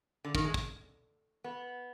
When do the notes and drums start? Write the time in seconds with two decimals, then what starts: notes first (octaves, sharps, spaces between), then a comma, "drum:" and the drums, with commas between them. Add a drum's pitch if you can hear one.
0.25 D3
0.35 D#3, drum: kick
0.45 G#3
0.54 drum: kick
1.44 B3